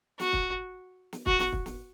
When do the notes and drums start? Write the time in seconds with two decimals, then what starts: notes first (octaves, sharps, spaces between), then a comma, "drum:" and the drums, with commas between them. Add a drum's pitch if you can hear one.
0.19 F#4, drum: snare
0.33 drum: kick
1.13 drum: snare
1.26 F#4, drum: kick
1.39 drum: snare
1.52 drum: kick
1.66 drum: snare